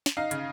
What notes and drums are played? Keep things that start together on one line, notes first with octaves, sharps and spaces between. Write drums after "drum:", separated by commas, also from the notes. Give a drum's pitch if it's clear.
drum: snare
D#4 F5
C#3, drum: hi-hat